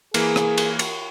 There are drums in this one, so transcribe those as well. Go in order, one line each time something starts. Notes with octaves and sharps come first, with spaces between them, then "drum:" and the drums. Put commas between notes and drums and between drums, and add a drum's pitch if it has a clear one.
E3 A#3 G#4, drum: cymbal
drum: rim click
drum: cymbal
drum: cymbal